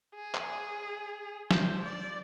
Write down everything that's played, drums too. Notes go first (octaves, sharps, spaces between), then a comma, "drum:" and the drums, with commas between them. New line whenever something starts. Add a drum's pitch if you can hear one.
G#4
drum: clap
C5, drum: snare
D5